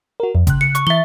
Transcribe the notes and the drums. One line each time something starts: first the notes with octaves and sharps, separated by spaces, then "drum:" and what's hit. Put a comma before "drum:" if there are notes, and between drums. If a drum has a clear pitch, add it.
F#4 A#4
F2
C#3 F#6, drum: kick G#1, hi-hat
C#7
C#6, drum: hi-hat
E3 E5 A6 G7